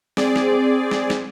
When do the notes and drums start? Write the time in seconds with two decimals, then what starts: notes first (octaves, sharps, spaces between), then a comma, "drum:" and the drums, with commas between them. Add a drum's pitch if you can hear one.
0.17 C4 G#4 D5, drum: snare
0.36 drum: snare
0.91 drum: snare
1.10 drum: snare